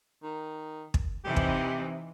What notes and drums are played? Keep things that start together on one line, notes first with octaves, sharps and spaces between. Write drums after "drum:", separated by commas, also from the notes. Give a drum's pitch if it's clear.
D#3
drum: kick
C3 E3 D#4 G4
drum: kick